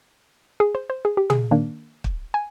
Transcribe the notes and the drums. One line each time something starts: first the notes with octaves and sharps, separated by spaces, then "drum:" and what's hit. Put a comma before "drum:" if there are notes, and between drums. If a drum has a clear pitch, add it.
G#4
C5
C5
G#4
G4
G#4, drum: tom
D#3 A#3 D4
drum: kick
G#5